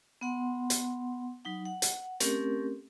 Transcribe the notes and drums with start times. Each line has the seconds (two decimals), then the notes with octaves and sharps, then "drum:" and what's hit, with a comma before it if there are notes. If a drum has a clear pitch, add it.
0.21 B3 F#5 C6
0.70 drum: hi-hat
1.45 F#3 D#4 F#5
1.65 F#5
1.82 drum: hi-hat
2.20 A3 C4 C#4 G4 A4 A#4, drum: hi-hat